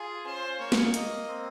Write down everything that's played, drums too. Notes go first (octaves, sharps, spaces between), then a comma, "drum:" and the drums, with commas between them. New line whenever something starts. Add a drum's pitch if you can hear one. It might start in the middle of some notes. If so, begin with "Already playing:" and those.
Already playing: F4 G#4
C#4 C5
A#3 C#5
drum: snare
A#3 D#5, drum: hi-hat
C4